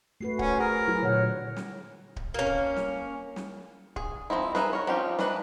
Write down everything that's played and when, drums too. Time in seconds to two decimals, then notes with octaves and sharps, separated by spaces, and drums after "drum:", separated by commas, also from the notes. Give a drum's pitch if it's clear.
0.21 A3 F#4 B4 C7
0.39 C#4 F#4 C5 F#5, drum: kick D1
0.60 G#4 A#4
0.87 F#3 E4
1.03 A#2 D3 C#5 F#5
1.56 drum: snare
2.16 drum: kick D1
2.34 A#3 C#4
2.46 drum: kick D1
2.76 drum: snare
3.36 drum: snare
3.96 G#4, drum: kick D1
4.30 F3 G#3 C4 D#4 E4
4.55 D#4 E4 G#4 A#4 B4, drum: snare
4.73 A#4 C#5
4.87 F3 C4 C#4 D#4 G4
5.19 E3 D4 D#4 B4 D#5, drum: snare